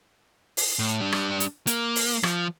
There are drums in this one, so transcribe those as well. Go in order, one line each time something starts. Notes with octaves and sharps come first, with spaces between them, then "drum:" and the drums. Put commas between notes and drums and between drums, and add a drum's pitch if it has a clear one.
drum: open hi-hat
A2
G3 D4
drum: rim click
drum: hi-hat
A#3, drum: hi-hat
drum: open hi-hat
F3, drum: rim click